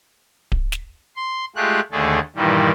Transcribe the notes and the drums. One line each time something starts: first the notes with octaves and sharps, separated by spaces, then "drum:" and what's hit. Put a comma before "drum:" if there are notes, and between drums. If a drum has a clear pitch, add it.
drum: kick D1
drum: snare
C6
G#3 A3 F4 G4 F#6
D#2 D3 A3 G#4 A4
G2 A#2 D#3 E3 G3